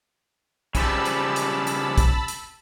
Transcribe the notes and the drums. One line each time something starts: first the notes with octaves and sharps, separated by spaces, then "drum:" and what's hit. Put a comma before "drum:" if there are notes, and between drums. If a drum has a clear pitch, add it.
C#3 F3 G3 A5 B5 E6, drum: kick, hi-hat
drum: hi-hat
drum: hi-hat
drum: hi-hat
drum: kick, hi-hat
drum: hi-hat